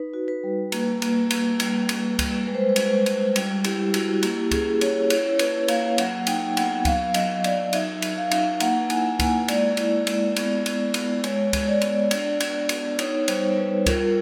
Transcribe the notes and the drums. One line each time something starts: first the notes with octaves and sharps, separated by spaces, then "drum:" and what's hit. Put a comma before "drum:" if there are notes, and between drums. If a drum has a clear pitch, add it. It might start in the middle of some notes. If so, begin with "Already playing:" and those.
Already playing: D#4 B4
F#4
B4
G3
A#3, drum: cymbal
A#3, drum: cymbal
A#3, drum: cymbal
G3, drum: cymbal
G3, drum: cymbal
G3, drum: kick C#2, cymbal
G#3 B4
C5
B4
C5
G#3 B4, drum: cymbal
B4
G#3, drum: cymbal
G3, drum: cymbal
E4 G4, drum: cymbal
E4 F#4, drum: cymbal
A#3 G4, drum: cymbal
C#4 G#4, drum: kick C#2, cymbal
C#4 C#5, drum: cymbal
E4 C#5, drum: cymbal
A#3 B4, drum: cymbal
A#3 F5, drum: cymbal
F#3 F#5, drum: cymbal
D#4 G5, drum: cymbal
B3 F#5, drum: cymbal
F#3 F5, drum: kick C#2, cymbal
F#3 D#5, drum: cymbal
F#3 D5, drum: cymbal
D#4 E5, drum: cymbal
D#4, drum: cymbal
F5
D#4, drum: cymbal
A#3 F#5, drum: cymbal
E4 G#5, drum: cymbal
G#5
A#3 G#5, drum: kick C#2, cymbal
G#3 D5, drum: cymbal
E4, drum: cymbal
G#3, drum: cymbal
B3, drum: cymbal
B3, drum: cymbal
B3, drum: cymbal
G#3 C#5, drum: cymbal
G#3, drum: kick C#2, cymbal
D5
B3, drum: cymbal
D4, drum: cymbal
B3, drum: cymbal
B3, drum: cymbal
D#4 C#5, drum: cymbal
G3 C5, drum: cymbal
G3 B4
F4 A#4, drum: kick C#2, cymbal